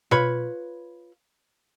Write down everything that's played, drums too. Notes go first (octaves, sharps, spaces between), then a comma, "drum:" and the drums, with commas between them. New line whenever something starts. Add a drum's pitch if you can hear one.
F4 B4 C#5 B5, drum: tom B2